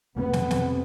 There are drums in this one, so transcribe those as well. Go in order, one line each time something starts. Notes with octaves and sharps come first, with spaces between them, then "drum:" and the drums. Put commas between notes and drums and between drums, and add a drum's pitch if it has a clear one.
F2 C3 B3
drum: snare
drum: snare